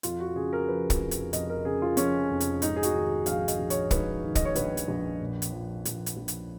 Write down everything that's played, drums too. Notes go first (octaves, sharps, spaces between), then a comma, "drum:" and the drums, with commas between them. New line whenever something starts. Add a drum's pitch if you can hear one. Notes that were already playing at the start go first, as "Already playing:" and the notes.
F2 F4, drum: hi-hat
F#4
C#3 G#4
A#4
F3 B4
drum: kick, hi-hat
F1
drum: hi-hat
F2 D#5, drum: hi-hat
A#4
C#3 G#4
F4
F3 C#4, drum: hi-hat
F1
drum: hi-hat
G#2 D#4, drum: hi-hat
G#4
F#4, drum: hi-hat
D#3
A#1 F5, drum: hi-hat
D#5, drum: hi-hat
A#1
C#5, drum: hi-hat
G#2 B4, drum: kick, hi-hat
D#3
D#5, drum: kick, hi-hat
C#5
A#1 B4, drum: hi-hat
drum: hi-hat
A#1
A#2
drum: hi-hat
F3
A#1, drum: hi-hat
drum: hi-hat
A#1
drum: hi-hat